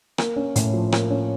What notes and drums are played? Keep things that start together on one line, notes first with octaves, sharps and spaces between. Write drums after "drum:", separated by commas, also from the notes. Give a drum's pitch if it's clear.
A#3, drum: rim click
C#4
A2, drum: hi-hat
F3
A#3, drum: rim click
C#4